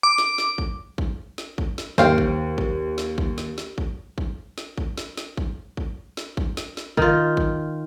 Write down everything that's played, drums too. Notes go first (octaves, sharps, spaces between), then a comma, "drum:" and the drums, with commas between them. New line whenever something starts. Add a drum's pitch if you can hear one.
D6
drum: snare
drum: snare
drum: kick
drum: kick
drum: snare
drum: kick
drum: snare
D#2 C5 F5 G5, drum: snare
drum: kick
drum: kick
drum: snare
drum: kick
drum: snare
drum: snare
drum: kick
drum: kick
drum: snare
drum: kick
drum: snare
drum: snare
drum: kick
drum: kick
drum: snare
drum: kick
drum: snare
drum: snare
D#3 F4, drum: kick
drum: kick